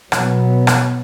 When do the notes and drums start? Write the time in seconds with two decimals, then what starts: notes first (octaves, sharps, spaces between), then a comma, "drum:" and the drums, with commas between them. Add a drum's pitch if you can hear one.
0.12 B2 F#3 B3, drum: rim click
0.67 drum: rim click